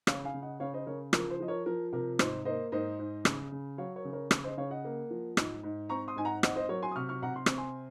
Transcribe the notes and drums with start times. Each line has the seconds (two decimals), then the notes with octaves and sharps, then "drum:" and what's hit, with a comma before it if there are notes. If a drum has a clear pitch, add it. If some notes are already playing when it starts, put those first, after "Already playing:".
0.07 C#3 C#5 F5, drum: rim click
0.25 F5 G#5
0.34 C#3
0.42 D#5 F#5
0.60 C#3 C#5 F5
0.74 C5 D#5
0.86 C#3 A#4 C#5
1.13 F3 A#4, drum: rim click
1.30 C5
1.40 F3 D#5
1.48 A#4 C#5
1.66 F3 A#4
1.93 C3 A#4
2.19 G#2 C5, drum: rim click
2.45 A#3 C5 D#5
2.72 G#2 C5 D#5
2.99 G#2
3.25 C#3, drum: rim click
3.52 C#3
3.78 F#3 C#5 F5
3.96 A#4 C#5
4.05 C#3
4.13 A#4 C#5
4.31 C#3, drum: rim click
4.44 C5 D#5
4.57 C#3 C#5 F5
4.71 D#5 F#5
4.85 A#3
5.11 F3
5.37 G#2, drum: rim click
5.63 G#2
5.89 C4 A#5 C#6
6.08 C6 D#6
6.16 G#2 G#5
6.25 F#5 A#5
6.43 C4 D#5 F#5, drum: rim click
6.56 C5 D#5
6.69 F#3 A#4 C#5
6.82 G#5 C6
6.91 D#6
6.96 C3 C#6 F6
7.09 C#6 F6
7.22 C3 F#5 A#5
7.36 C6
7.46 C4 C#6, drum: rim click
7.57 G#5 C6